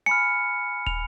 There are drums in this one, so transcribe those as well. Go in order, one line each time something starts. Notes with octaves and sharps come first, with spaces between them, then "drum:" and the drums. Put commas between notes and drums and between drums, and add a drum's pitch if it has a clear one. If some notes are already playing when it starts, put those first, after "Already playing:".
G#5 B5 F6 C#7
F7, drum: kick